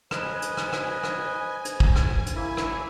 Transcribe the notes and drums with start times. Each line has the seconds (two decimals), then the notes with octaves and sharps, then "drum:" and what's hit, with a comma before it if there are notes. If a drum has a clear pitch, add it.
0.11 B4 C5 D#5 G#5, drum: rim click
0.42 drum: hi-hat
0.57 drum: rim click
0.73 drum: rim click
1.03 drum: rim click
1.65 drum: hi-hat
1.80 drum: kick
1.96 drum: rim click
2.26 drum: hi-hat
2.36 A#3 E4 E5
2.57 drum: rim click